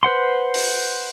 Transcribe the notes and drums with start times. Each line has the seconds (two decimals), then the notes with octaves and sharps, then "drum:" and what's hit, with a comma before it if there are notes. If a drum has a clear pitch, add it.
0.03 B4 C5 F#5 C6
0.54 drum: open hi-hat